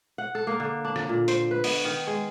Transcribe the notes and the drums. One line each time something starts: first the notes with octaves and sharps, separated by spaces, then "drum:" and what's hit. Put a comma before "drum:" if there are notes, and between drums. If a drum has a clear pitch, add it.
F#5
A4
A#3
D3
D4
drum: rim click
A#2
C5, drum: hi-hat
B4
B3, drum: open hi-hat
D#3
G#3